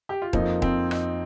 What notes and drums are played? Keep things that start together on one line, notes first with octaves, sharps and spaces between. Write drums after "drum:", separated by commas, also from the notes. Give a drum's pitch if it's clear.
G4
F4
F2 F3 A#3 D#4, drum: kick D#1
C4, drum: kick D#1
D#4, drum: rim click